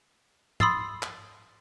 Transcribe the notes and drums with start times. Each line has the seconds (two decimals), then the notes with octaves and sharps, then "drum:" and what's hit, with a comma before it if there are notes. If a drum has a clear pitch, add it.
0.60 B5 C6 D#6 E6 A6 C7, drum: tom
1.02 drum: clap